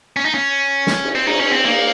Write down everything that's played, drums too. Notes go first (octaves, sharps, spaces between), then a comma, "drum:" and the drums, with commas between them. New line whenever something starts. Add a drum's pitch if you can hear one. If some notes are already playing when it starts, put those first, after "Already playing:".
C#4
D#4
C#4
drum: snare
drum: cymbal
C4
D#4, drum: cymbal
C#4
C4
A#3